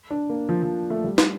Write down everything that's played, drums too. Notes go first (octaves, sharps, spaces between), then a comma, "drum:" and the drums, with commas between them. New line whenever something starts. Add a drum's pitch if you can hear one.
D4
A#3
F3
F3
A3
G3
drum: snare